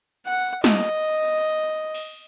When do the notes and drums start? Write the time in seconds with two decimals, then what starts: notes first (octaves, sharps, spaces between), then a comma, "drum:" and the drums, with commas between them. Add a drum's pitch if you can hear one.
0.26 F#5
0.64 D#5, drum: snare
1.95 drum: cymbal